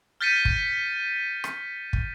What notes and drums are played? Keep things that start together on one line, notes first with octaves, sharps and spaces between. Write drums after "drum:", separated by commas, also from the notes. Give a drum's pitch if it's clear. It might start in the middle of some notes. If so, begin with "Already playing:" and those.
F6 G6 A6 B6 C#7 D#7
drum: kick
drum: rim click
drum: kick